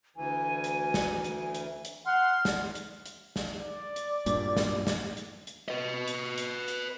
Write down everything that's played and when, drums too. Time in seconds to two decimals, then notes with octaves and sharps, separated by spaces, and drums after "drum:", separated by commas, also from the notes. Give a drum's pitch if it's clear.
0.16 D2 E3 G#5
0.64 drum: hi-hat
0.94 drum: snare
1.24 drum: hi-hat
1.55 drum: hi-hat
1.85 drum: hi-hat
2.06 F#5 C6 F6
2.45 drum: snare
2.75 drum: hi-hat
3.06 drum: hi-hat
3.36 drum: snare
3.60 D5
3.96 drum: hi-hat
4.26 G2 A#2, drum: hi-hat
4.57 drum: snare
4.87 drum: snare
5.17 drum: hi-hat
5.47 drum: hi-hat
5.68 B4 D#5
6.07 drum: hi-hat
6.38 drum: hi-hat
6.68 drum: hi-hat